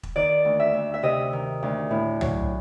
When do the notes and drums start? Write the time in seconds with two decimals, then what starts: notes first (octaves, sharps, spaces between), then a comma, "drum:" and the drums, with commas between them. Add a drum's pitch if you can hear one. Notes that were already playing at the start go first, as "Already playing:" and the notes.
0.03 drum: kick E1
0.16 D#3 D5
0.45 D2
0.60 E5
0.74 D2
0.94 E5
1.03 C3 D#5
1.33 D#3
1.63 D2
1.91 A2
2.21 F#3, drum: tom C2